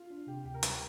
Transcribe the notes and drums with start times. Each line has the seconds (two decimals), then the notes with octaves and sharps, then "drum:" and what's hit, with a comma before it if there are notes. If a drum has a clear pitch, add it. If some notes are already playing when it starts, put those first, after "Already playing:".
Already playing: F4
0.10 D4
0.27 C3 G4
0.44 D2 G4
0.54 A#4
0.63 G3, drum: hi-hat